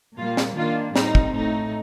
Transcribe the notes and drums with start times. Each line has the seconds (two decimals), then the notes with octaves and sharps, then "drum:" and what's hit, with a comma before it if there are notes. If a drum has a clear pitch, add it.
0.18 A#2 G3 A#3 F4
0.37 drum: snare
0.57 D#3 A#3 D4 F4
0.96 A2 G3 C4 D#4, drum: snare
1.15 drum: kick
1.34 A2 A3 D#4